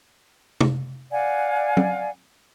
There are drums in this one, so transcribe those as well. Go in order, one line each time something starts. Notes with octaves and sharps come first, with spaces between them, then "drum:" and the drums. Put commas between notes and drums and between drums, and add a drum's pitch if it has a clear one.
drum: tom
D5 F5 F#5 G#5
drum: tom F#3